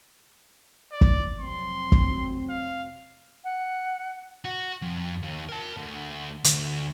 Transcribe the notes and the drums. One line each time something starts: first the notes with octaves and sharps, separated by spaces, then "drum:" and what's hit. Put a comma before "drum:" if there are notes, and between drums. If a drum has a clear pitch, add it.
D5
drum: kick
F1 F#3 C4 C6
drum: kick
F5
F#5
F#4
F2
D#2
A#4 A5
D2
D2, drum: hi-hat